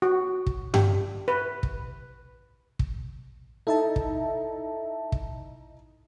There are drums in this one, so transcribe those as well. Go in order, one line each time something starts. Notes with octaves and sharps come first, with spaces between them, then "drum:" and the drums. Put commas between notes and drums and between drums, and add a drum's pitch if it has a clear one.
F#4
drum: kick
G4, drum: tom G2
B4
drum: kick
drum: kick
D#4 E4 A4 E5 A5
drum: kick
drum: kick